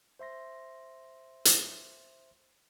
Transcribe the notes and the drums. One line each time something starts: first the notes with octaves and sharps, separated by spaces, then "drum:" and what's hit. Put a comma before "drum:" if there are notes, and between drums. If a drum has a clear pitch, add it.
C5 E5 C6 A#6
drum: hi-hat